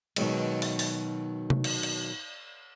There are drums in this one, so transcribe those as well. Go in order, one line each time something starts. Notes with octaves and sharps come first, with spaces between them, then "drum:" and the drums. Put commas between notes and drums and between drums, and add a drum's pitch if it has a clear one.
B2 D#3 F#3 G#3, drum: cymbal
drum: open hi-hat
drum: open hi-hat
drum: tom C3
drum: cymbal
drum: cymbal